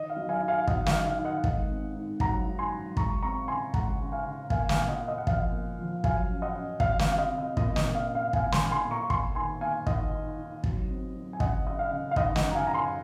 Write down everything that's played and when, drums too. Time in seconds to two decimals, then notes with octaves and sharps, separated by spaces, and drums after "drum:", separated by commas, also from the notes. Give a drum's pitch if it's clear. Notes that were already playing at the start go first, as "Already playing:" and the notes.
Already playing: D#3 D#5
0.10 F5
0.16 F#3
0.29 F5 G#5
0.42 D#4
0.48 F5 G#5
0.67 F#3 D#5 F#5, drum: kick
0.86 F5, drum: snare
0.93 D#4
1.06 F5
1.19 D#3
1.25 D#5 F#5
1.44 G#2, drum: kick
1.70 C4
1.95 G#2
2.20 F#3 F#5 A#5, drum: kick
2.47 G#2
2.59 G#5 C6
2.72 F#3
2.97 G#3 A#5 C#6, drum: kick
3.23 C4 A#5 C#6
3.48 C#3 G#5 C6
3.74 G#3 F#5 A#5, drum: kick
3.99 C#3
4.12 F5 G#5
4.25 C#3
4.50 A#3 F5 G#5, drum: kick
4.69 F5 G#5, drum: snare
4.76 A#2
4.88 D#5 F#5
5.02 A#3
5.08 D#5
5.18 F#5
5.27 F3 F5, drum: kick
5.52 A#3
5.78 F3
6.04 F#3 F5 G#5, drum: kick
6.29 C#4
6.42 D#5 F#5
6.55 C#4
6.80 F#3 F5, drum: kick
6.99 F5, drum: snare
7.06 C3
7.12 F5
7.18 D#5
7.31 C3
7.38 D#5
7.57 A#2 D#5, drum: kick
7.76 D#5, drum: snare
7.83 A#2
7.95 F5
8.08 C#4
8.15 F5
8.33 A#2 F5 G#5, drum: kick
8.52 G#5 C6, drum: snare
8.59 A#2
8.71 G#5 C6
8.85 A#2
8.91 A#5 C#6
9.10 A#3 G#5 C6, drum: kick
9.35 D#3 G#5 C6
9.61 A#3 F5 G#5
9.87 D#3 D#5 F#5, drum: kick
10.13 D#4
10.38 D#4
10.64 F#3, drum: kick
10.89 C4
11.14 F#3
11.33 G#5
11.40 C#3 D#5 F#5, drum: kick
11.66 C#3 D#5
11.79 F5
11.91 C#3
12.11 F5
12.16 D#3 D#5 F#5, drum: kick
12.36 D#5 F#5, drum: snare
12.42 F#2
12.51 A#5
12.55 F5 G#5
12.67 F#2 A#5
12.74 G#5 C6